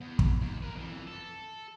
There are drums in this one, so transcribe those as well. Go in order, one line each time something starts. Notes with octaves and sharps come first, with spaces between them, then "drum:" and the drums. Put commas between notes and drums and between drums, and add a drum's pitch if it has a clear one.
E2
drum: kick
D#2
A#4 B4
F2 E3
A4